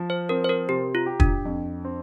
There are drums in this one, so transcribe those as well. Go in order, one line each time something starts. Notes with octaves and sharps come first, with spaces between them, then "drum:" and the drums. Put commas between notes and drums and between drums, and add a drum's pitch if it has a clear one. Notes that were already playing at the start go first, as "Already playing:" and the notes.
Already playing: F3
C5
C4 A#4
C5
A#4
C3 G4
F4
G4
D4, drum: kick
F2
C4